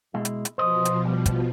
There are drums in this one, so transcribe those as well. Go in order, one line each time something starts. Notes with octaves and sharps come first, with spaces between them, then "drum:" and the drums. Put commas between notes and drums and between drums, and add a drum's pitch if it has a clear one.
B2 G#3 E4
drum: hi-hat
drum: hi-hat
B2 F3 C5 D#5
drum: hi-hat
G3
drum: kick, hi-hat